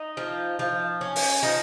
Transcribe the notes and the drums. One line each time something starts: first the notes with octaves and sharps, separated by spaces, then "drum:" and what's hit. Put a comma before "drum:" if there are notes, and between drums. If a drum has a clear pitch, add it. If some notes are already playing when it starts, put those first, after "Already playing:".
Already playing: D#4
F3
F3
C#4
drum: open hi-hat
F3 D#4